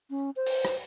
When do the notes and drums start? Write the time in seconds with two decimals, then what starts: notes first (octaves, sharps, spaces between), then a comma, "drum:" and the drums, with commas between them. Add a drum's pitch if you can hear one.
0.10 C#4
0.36 C5
0.46 drum: open hi-hat
0.65 drum: rim click